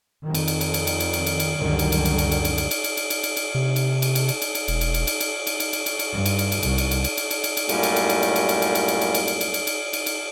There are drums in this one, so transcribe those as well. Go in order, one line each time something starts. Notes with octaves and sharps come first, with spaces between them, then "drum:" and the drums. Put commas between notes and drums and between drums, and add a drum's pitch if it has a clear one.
F2 D#3
drum: cymbal
drum: cymbal
drum: cymbal
drum: cymbal
drum: cymbal
drum: cymbal
drum: cymbal
drum: cymbal
drum: cymbal
C#2 F#2 D3 D#3 G3
drum: cymbal
drum: cymbal
drum: cymbal
drum: cymbal
drum: cymbal
drum: cymbal
drum: cymbal
drum: cymbal
drum: cymbal
drum: cymbal
drum: cymbal
drum: cymbal
drum: cymbal
C3
drum: cymbal
drum: cymbal
drum: cymbal
drum: cymbal
drum: cymbal
drum: cymbal
E1, drum: cymbal
drum: cymbal
drum: cymbal
drum: cymbal
drum: cymbal
drum: cymbal
drum: cymbal
drum: cymbal
drum: cymbal
drum: cymbal
G2
drum: cymbal
drum: cymbal
drum: cymbal
C2, drum: cymbal
drum: cymbal
drum: cymbal
drum: cymbal
drum: cymbal
drum: cymbal
drum: cymbal
drum: cymbal
F#2 A2 G3 A#3, drum: cymbal
drum: cymbal
drum: cymbal
drum: cymbal
drum: cymbal
drum: cymbal
drum: cymbal
drum: cymbal
drum: cymbal
drum: cymbal
drum: cymbal
drum: cymbal
drum: cymbal
drum: cymbal
drum: cymbal
drum: cymbal
drum: cymbal
drum: cymbal